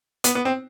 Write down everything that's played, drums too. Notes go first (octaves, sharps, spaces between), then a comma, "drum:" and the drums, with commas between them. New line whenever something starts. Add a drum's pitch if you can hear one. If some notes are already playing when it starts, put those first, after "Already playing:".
B3, drum: hi-hat
B3
C4